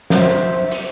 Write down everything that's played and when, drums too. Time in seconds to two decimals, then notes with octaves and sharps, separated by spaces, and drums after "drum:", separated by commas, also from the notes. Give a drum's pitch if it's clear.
0.10 C5 E5, drum: snare
0.71 drum: hi-hat